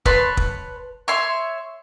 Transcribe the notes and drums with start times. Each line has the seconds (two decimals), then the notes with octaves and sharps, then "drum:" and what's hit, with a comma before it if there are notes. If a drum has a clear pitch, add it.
0.06 B4 C#5 A5 C6, drum: kick
0.37 drum: kick
1.08 C#5 E5 C6